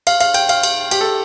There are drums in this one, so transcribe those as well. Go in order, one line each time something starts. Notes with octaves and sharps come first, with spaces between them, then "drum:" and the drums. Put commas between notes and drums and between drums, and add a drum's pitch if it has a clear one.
F5, drum: cymbal
F5, drum: cymbal
G5, drum: cymbal
F5, drum: cymbal
drum: cymbal
G4, drum: cymbal
A4